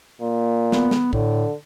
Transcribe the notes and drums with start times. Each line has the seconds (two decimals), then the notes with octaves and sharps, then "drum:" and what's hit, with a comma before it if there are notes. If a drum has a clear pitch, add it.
0.21 A#2
0.72 B3, drum: snare
0.91 drum: snare
1.13 A2 D3, drum: kick